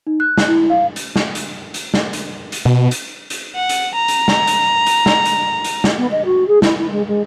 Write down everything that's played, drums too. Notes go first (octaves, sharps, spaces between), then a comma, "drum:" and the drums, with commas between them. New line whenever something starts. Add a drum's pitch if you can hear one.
D#4
F#6
drum: snare
E4
F5
drum: hi-hat
drum: snare
drum: hi-hat
drum: hi-hat
drum: snare
drum: hi-hat
drum: hi-hat
B2
drum: hi-hat
drum: hi-hat
F#5
drum: hi-hat
A#5
drum: hi-hat
drum: snare
drum: hi-hat
drum: hi-hat
drum: snare
drum: hi-hat
drum: hi-hat
drum: snare
B3
D#5
F#4
G#4
E4, drum: snare
E4
G#3
G#3